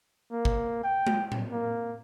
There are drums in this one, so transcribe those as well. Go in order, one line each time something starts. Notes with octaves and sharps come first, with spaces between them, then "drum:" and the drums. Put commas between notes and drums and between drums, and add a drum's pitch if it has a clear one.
A#3
drum: kick
G5
drum: tom G#3
drum: tom A2
A#3